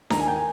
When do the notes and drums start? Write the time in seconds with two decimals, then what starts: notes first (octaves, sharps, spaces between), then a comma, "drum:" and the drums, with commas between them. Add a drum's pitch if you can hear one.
0.10 D#2 A#5, drum: snare D4
0.19 G#5
0.28 G5
0.36 G#5